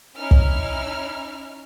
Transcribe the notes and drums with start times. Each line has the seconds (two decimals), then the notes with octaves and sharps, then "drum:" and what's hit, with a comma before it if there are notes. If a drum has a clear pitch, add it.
0.17 C#4 D#4 E4 F6
0.31 drum: kick